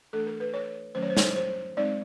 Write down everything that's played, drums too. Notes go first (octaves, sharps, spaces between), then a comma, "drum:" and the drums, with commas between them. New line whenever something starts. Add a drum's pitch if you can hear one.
E3 A3 D4 A4
A#4
B4
C#5
D#3 F#3 A3 C#4 C5
C#5
C5
C#5, drum: snare
C5
C5
G#3 C4 D#4 D5